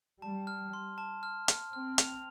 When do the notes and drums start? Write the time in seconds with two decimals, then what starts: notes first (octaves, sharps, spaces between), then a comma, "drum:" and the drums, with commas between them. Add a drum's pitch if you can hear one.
0.22 G3 A5
0.47 F6
0.73 C6
0.98 A5
1.23 F6
1.48 F6, drum: hi-hat
1.73 C4 F6
1.98 F7, drum: hi-hat